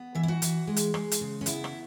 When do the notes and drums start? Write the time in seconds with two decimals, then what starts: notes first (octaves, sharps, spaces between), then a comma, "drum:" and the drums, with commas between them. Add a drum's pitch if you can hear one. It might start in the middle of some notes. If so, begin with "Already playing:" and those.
Already playing: B3
0.15 E3 E5
0.23 E4
0.28 F#4
0.42 E3, drum: hi-hat
0.67 G#3
0.76 drum: hi-hat
0.94 G#3, drum: rim click
1.11 drum: hi-hat
1.21 C#3
1.41 C#4
1.46 B3 E4, drum: hi-hat
1.64 drum: rim click